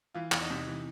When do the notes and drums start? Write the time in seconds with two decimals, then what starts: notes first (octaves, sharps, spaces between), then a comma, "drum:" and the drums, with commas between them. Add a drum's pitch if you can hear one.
0.14 E3 F4
0.32 E2, drum: clap
0.41 D#4
0.50 C3
0.67 E3